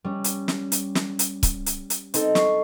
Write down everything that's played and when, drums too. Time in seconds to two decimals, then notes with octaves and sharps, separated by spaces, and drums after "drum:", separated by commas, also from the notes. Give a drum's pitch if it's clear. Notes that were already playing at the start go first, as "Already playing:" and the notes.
0.04 G3 C#4
0.24 drum: hi-hat
0.48 drum: snare
0.72 drum: hi-hat
0.95 drum: snare
1.19 drum: hi-hat
1.43 drum: kick, hi-hat
1.66 drum: hi-hat
1.90 drum: hi-hat
2.14 C4 D#4 A4, drum: hi-hat
2.35 C#6 C7, drum: snare